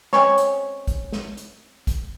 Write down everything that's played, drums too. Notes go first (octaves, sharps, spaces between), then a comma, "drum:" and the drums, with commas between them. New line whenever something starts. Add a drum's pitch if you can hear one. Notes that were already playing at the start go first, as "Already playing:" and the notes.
G#3 C4 C#4 C#5, drum: snare
drum: hi-hat
drum: kick, hi-hat
drum: snare
drum: hi-hat
drum: kick, hi-hat